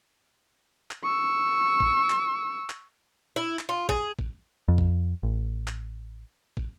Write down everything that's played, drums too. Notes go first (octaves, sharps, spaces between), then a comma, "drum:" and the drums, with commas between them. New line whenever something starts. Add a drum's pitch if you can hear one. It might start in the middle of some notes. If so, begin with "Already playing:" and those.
drum: clap
C#6 E6
drum: kick
drum: clap
drum: clap
E4
drum: clap
F4
G#4, drum: kick
drum: kick
F2
drum: kick
A1
drum: clap
drum: kick